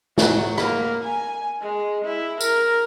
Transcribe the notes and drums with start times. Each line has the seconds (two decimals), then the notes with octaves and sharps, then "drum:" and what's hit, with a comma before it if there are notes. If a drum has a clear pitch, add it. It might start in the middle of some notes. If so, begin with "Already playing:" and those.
0.18 F#3, drum: snare
0.58 A#3, drum: rim click
1.04 G#5
1.61 G#3
2.05 E4
2.41 A#4, drum: tambourine